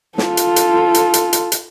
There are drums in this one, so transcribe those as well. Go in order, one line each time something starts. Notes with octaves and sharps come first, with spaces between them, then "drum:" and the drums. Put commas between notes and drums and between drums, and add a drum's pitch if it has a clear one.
F4 A4, drum: snare
drum: hi-hat
drum: hi-hat
drum: hi-hat
drum: hi-hat
drum: hi-hat
drum: hi-hat